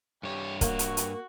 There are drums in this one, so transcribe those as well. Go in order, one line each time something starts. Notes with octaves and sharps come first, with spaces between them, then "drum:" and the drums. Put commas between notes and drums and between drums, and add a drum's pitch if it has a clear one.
G2 G4 C#5
A#3 F#4, drum: kick, hi-hat
drum: hi-hat
drum: hi-hat